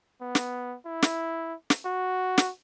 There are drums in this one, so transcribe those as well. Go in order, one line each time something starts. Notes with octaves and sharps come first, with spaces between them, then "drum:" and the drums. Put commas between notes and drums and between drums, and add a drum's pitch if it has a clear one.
B3
drum: snare
E4
drum: snare
drum: snare
F#4
drum: snare